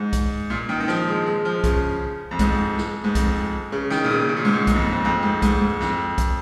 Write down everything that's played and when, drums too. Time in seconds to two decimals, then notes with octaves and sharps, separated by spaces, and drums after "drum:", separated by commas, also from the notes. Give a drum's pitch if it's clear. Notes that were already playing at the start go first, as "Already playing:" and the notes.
Already playing: G#2
0.13 drum: kick, hi-hat
0.50 A#2
0.69 D#3
0.80 D#3
0.88 F3, drum: snare
1.08 G#3
1.26 G#3
1.45 F3
1.64 C#3, drum: kick, hi-hat
2.31 F2
2.39 G#2, drum: kick, hi-hat
2.77 drum: snare
3.04 G#2
3.15 F2, drum: kick, hi-hat
3.72 C#3
3.90 D#3, drum: snare
4.04 A#2
4.10 C#3
4.29 C#3
4.36 A#2
4.45 G#2
4.53 A#2
4.67 G#2, drum: kick, hi-hat
4.76 F2
4.93 F2
5.05 F2
5.23 G#2
5.42 G#2, drum: kick, hi-hat
5.61 G#2
5.80 F2, drum: snare
6.18 drum: kick, hi-hat